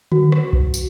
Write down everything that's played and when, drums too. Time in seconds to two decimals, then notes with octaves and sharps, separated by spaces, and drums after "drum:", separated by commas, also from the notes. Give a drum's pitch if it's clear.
0.12 F#4, drum: tom D3
0.32 drum: rim click
0.53 drum: kick B1
0.74 drum: tambourine